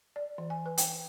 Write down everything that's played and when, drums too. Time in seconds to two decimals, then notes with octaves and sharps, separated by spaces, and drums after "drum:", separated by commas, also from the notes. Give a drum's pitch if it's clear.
0.16 D5
0.38 E3
0.50 G#5
0.66 B4
0.78 G5, drum: hi-hat